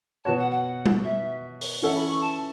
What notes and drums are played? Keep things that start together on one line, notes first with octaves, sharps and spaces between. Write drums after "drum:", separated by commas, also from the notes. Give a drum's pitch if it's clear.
B2 B3 F#4 C#5 A5
F#5
F#5
drum: tom G3
E5
drum: open hi-hat
E3 C#4 A4 E5 F#5
B5
C#6
A5